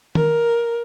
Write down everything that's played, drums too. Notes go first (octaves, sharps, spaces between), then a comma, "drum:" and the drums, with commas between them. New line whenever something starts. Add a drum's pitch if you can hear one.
A#4, drum: tom D#3